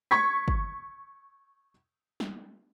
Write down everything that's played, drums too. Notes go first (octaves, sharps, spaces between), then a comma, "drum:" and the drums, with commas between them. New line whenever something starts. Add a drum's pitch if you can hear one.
C#6 G#6 B6
drum: kick
drum: snare